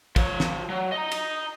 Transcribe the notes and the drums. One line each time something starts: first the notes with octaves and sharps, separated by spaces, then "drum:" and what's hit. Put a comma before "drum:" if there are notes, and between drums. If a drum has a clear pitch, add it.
F3 C#5, drum: kick, cymbal
drum: snare
F#3
D#5 A#5
drum: cymbal